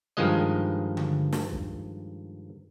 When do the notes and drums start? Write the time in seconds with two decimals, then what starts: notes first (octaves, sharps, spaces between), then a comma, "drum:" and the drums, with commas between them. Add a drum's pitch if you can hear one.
0.17 G2 D#3 F3 G#3 D#5
0.97 drum: tom D3
1.33 drum: snare
1.51 drum: kick